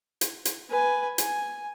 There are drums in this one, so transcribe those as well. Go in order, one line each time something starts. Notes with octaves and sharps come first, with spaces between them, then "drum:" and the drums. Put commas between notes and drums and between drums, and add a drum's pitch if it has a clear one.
drum: hi-hat
drum: hi-hat
B4 G#5
G#5, drum: hi-hat